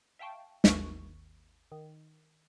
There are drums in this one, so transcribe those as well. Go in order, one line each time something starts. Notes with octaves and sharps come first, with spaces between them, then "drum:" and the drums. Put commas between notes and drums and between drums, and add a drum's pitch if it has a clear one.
E5 F5 G5 A5 C#6
G#1 D#2 A#4 C#6, drum: snare
D#3